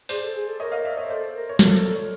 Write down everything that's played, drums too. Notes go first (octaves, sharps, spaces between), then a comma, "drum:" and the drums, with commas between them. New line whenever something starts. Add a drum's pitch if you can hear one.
G#4 C5 D5, drum: open hi-hat
A4
G#4
A4
A#4 C#5 D#5
D#5 F5
D5 E5
C#5 D#5
A4 C5 D5
A#4
C#5
A4 A#4 C5, drum: snare
drum: hi-hat
C#5